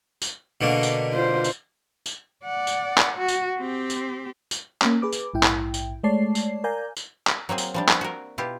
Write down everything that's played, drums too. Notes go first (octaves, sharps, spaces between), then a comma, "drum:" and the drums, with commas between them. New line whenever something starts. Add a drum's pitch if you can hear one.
drum: tambourine
B2 D3 A#3
drum: tambourine
F4 C5
drum: tambourine
drum: tambourine
D5 F#5
drum: tambourine
drum: clap
F#4
drum: tambourine
C4 G4
drum: tambourine
drum: tambourine
A#3 C#4, drum: clap
G#4 B4 D6
drum: tambourine
A#1 G#2 E4 G5
drum: clap
drum: tambourine
G#3 A3 C#5 D5 A5 C7
drum: tambourine
A#4 D5 F5 G#5 A#5 G6
drum: tambourine
drum: clap
F#3 A#3 C4 G#4
drum: tambourine
F3 G3 D4
drum: clap
F#4 A#4
B2 E4 F4 G4